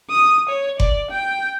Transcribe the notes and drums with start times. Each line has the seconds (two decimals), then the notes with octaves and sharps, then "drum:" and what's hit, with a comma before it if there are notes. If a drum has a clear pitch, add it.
0.11 D#6
0.50 C#5
0.80 D5, drum: kick F#1
1.11 G5